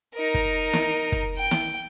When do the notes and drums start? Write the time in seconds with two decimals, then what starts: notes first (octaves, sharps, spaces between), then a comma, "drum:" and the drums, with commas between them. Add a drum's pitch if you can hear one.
0.15 D#4 A#4
0.34 drum: kick
0.73 drum: snare
1.12 drum: kick
1.37 G5
1.51 drum: snare